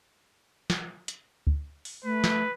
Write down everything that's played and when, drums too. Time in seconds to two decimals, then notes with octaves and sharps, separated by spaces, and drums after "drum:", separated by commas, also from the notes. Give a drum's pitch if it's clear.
0.70 drum: snare
1.08 drum: hi-hat
1.47 drum: kick D2
1.85 drum: open hi-hat
2.04 A3 B4
2.24 drum: snare